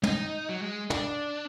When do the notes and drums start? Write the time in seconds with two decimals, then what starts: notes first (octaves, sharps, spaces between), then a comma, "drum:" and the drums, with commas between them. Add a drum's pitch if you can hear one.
0.03 D#4, drum: tom
0.49 F#3
0.62 G#3
0.90 D4, drum: tom